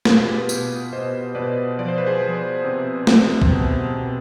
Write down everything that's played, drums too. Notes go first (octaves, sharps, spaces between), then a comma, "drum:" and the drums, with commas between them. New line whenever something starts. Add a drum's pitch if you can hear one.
B2 F4 G#4, drum: snare
G4 B4
B2, drum: tambourine
B2 C5 D#5
B2 B4 D5
F3 D5
C5
B4
G#4 C5
F3
C3
C3, drum: snare
drum: kick
B2
B2